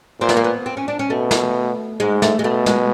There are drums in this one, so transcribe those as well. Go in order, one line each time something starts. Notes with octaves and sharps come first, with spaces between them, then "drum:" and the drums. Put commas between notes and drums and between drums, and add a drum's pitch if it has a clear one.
A#2 C4
B3, drum: snare
A#3
B3
C4
C#4
D4
C#4
B2 A3
drum: snare
G#2 G#3
A3, drum: snare
G#3
B2 A3
G#3, drum: snare